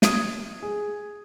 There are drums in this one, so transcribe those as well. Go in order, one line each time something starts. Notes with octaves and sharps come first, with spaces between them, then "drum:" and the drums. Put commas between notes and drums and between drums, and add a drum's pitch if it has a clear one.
D#6 G#6 D#7, drum: snare
G#4